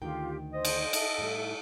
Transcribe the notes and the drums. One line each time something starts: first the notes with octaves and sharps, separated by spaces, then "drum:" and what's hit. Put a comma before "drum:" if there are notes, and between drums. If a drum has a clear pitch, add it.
D2 D#3 F4 G4 G5
C5 D#5
drum: cymbal
A4 E5, drum: cymbal
A2 G3